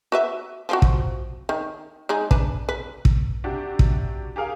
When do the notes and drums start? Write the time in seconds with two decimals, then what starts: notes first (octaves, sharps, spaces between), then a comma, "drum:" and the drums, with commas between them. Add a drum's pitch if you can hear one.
0.12 F#4 B4 E5
0.69 F3 C4 F#4
0.82 drum: kick
1.49 D#3
2.09 G#3 D#4 G#4
2.31 D4 B4, drum: kick
2.69 B4
3.05 drum: kick
3.44 C3 D4 F#4 G4
3.79 drum: kick
4.36 G4 G#4 A#4 F5